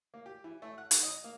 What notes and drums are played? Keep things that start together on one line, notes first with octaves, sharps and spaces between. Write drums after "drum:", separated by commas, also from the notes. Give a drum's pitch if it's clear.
A#3
G4
E3
A3
F#5
D#3, drum: hi-hat
D#5
A#3